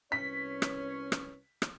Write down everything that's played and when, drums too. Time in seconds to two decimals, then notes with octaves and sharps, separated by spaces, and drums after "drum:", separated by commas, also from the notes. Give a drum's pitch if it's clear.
0.12 C2 C#4 B4 C#5 B6
0.62 drum: rim click
1.12 drum: rim click
1.62 drum: rim click